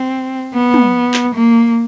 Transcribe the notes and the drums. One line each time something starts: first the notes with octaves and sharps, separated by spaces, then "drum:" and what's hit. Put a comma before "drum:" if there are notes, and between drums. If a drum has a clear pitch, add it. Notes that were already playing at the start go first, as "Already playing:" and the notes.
Already playing: C4
B3
drum: tom
drum: clap
A#3